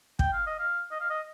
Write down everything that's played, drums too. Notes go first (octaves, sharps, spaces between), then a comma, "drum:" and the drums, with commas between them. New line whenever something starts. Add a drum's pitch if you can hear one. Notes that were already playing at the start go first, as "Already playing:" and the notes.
G5, drum: kick
F5
D#5
F5
D#5
F5
D#5